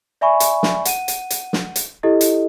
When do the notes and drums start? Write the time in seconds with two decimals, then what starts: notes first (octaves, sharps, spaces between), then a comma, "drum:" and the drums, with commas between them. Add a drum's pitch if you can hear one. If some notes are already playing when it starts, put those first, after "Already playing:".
0.21 D5 E5 G#5 B5 C#6
0.40 drum: hi-hat
0.63 drum: snare
0.85 F#5 D#7, drum: hi-hat
1.08 drum: hi-hat
1.30 drum: hi-hat
1.53 drum: snare
1.76 drum: hi-hat
2.03 E4 G4 A4 D#5
2.21 drum: hi-hat